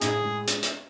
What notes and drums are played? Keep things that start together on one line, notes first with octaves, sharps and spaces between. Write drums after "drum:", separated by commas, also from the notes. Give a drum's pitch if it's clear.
A2 D#4 G#4, drum: hi-hat
G#3
drum: hi-hat
drum: hi-hat